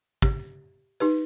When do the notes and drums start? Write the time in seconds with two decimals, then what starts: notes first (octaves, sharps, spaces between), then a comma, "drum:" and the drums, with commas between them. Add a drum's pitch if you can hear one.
0.22 G4, drum: kick
1.00 D#4 G4 B4